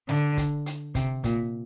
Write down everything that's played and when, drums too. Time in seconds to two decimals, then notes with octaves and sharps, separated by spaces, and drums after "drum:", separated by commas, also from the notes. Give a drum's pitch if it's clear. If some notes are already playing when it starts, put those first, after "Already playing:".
0.09 D3, drum: snare
0.37 drum: kick, hi-hat
0.66 drum: hi-hat
0.95 C3, drum: kick, hi-hat
1.24 A#2, drum: kick, hi-hat